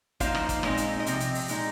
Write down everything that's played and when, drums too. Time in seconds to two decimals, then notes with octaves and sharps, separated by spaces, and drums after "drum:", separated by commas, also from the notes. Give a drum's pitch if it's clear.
0.20 F3 A#3 D#4 C5 F5, drum: kick, hi-hat
0.35 drum: rim click
0.49 drum: kick, hi-hat
0.63 A#2 G#3 C4 D#4, drum: rim click
0.77 drum: hi-hat
1.00 D#5
1.06 C3 F3, drum: hi-hat
1.20 drum: hi-hat
1.35 drum: open hi-hat
1.48 A#2 G#3 D#4, drum: hi-hat